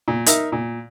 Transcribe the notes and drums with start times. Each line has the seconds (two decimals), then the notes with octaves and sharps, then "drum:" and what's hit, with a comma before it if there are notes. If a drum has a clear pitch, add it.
0.08 A#2
0.26 D#4 A#4 E5, drum: hi-hat
0.52 A#2